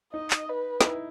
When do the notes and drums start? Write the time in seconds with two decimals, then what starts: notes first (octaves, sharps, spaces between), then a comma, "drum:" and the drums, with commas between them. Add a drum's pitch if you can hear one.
0.13 D#4 D#5
0.30 drum: clap
0.49 B4
0.81 D#4, drum: snare
0.85 E4